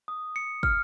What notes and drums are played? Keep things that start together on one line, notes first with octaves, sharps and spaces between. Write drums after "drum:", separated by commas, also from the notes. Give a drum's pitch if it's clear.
D#6
C#7
F6, drum: kick